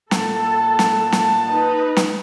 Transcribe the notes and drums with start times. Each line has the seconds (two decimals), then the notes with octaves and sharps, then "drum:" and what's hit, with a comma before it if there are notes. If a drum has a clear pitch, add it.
0.11 A#2 A4 F#5 A5, drum: snare
0.79 drum: snare
1.12 drum: snare
1.46 D#4 B4
1.97 drum: snare